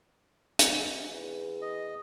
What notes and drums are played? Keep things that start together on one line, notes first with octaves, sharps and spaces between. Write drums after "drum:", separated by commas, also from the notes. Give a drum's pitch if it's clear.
drum: hi-hat
E2
D#5